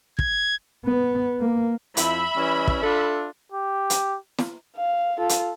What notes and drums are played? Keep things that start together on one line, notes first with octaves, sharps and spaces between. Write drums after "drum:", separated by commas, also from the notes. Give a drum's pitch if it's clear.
G#6, drum: kick
B3
A#3
F2 E4 E5 B5, drum: hi-hat
E3 G3 C#4
drum: kick
D4 F4 A4
G4
drum: hi-hat
drum: snare
F5
F4 A4
drum: hi-hat